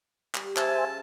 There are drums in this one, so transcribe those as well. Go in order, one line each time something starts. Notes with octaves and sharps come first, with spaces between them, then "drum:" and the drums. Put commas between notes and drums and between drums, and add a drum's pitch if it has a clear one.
G3, drum: clap
C#3 G#4 A#4 C5 E5 G#5 A5, drum: clap